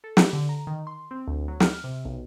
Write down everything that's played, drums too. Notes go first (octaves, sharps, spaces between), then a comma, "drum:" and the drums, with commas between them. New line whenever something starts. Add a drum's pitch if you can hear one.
A4
G4, drum: snare
D3
A#5
D#3
C6
C4
D2
F#3
F6, drum: snare
C3
B1